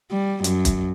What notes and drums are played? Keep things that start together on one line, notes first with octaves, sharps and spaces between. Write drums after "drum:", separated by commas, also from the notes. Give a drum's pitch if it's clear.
G3
F#2, drum: hi-hat
drum: kick, hi-hat